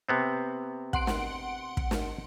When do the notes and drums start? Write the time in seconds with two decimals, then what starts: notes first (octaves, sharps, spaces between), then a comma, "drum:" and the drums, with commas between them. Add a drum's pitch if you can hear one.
0.09 C3 B3 C4
0.93 F#5 C6 D7, drum: kick
1.07 drum: snare
1.77 drum: kick
1.91 drum: snare